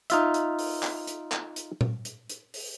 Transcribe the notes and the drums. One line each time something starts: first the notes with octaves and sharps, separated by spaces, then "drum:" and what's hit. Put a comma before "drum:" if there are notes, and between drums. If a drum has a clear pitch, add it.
D#4 F4 E5, drum: hi-hat
drum: hi-hat
drum: open hi-hat
drum: clap
drum: hi-hat
drum: clap
drum: hi-hat
drum: tom A#2
drum: hi-hat
drum: hi-hat
drum: open hi-hat